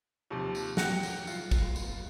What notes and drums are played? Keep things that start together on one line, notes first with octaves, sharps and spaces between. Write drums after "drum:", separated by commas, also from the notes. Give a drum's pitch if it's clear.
D#2 C3 F3
drum: tambourine
F#5 G5 F#6 A#6 C#7, drum: snare
drum: tambourine
F4, drum: tambourine
drum: kick, tambourine
drum: tambourine